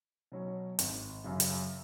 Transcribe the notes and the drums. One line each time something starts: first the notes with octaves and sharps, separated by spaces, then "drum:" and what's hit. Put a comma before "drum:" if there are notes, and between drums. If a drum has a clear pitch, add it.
B2 F#3 C#4
G#1, drum: hi-hat
F#2 C#3 F#3
drum: hi-hat